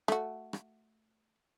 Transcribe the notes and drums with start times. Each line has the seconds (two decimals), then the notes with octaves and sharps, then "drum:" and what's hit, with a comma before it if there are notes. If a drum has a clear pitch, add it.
0.08 A3 F#4, drum: rim click
0.53 drum: rim click